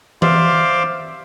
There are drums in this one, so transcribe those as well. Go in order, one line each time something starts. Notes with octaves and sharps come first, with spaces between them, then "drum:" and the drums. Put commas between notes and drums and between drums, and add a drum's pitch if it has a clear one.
C5 D5 E5 F5 C6 D6, drum: tom E3